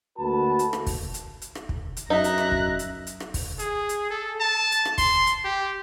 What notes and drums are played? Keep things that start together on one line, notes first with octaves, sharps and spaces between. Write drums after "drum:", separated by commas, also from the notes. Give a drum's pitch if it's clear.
D2 A#3 F#4 B4 A5
drum: hi-hat
drum: rim click
drum: kick, open hi-hat
drum: hi-hat
drum: hi-hat
drum: rim click
drum: kick
drum: hi-hat
F#2 D#4 E5 A#5 F#6
drum: hi-hat
drum: rim click
drum: kick
drum: hi-hat
drum: hi-hat
drum: rim click
drum: kick, open hi-hat
G#4, drum: hi-hat
drum: hi-hat
A4
A5
drum: hi-hat
drum: rim click
C6, drum: kick, open hi-hat
drum: hi-hat
G4